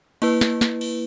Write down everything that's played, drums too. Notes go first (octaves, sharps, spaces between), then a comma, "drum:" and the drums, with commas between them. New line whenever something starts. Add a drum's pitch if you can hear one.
A#3 E4 B4, drum: cymbal
drum: snare
drum: snare
drum: cymbal